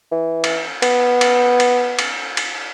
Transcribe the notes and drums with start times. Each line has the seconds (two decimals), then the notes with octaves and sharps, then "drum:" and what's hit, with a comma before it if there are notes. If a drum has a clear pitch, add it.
0.12 E3
0.44 drum: cymbal
0.82 B3, drum: cymbal
1.21 drum: cymbal
1.60 drum: cymbal
1.99 drum: cymbal
2.37 drum: cymbal